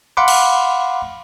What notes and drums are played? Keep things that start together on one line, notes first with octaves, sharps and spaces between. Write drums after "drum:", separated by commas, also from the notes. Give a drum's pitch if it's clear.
F5 F#5 B5 C6 D6
drum: cymbal